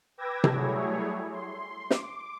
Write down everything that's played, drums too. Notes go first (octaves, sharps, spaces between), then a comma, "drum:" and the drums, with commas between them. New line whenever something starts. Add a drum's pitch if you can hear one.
B4 G5 D6 E6 G#6 A#6
drum: tom C3
F#3 G3 A3 E4 G#4 C#5
C6
D6, drum: snare